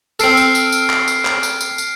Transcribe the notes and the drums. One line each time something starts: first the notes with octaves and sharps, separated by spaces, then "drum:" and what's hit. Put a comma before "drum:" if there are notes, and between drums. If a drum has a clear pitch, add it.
C4 A4 F6 C7 D7, drum: tambourine
drum: tambourine
drum: tambourine
drum: tambourine
drum: clap
drum: tambourine
drum: clap
drum: tambourine
drum: tambourine
drum: tambourine